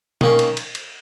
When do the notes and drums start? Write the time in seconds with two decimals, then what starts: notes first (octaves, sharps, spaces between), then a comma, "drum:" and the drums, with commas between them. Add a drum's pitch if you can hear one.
0.21 D#3 A#3 C#4, drum: tom B2
0.39 drum: cymbal
0.57 drum: cymbal
0.75 drum: cymbal